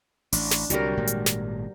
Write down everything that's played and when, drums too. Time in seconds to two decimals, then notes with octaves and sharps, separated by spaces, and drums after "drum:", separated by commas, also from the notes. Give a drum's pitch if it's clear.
0.33 A1 D4, drum: open hi-hat
0.51 drum: snare
0.70 C2 D3 F#3 G3 A#4, drum: hi-hat
0.97 G#1 A#2 G#3
1.07 drum: hi-hat
1.26 drum: snare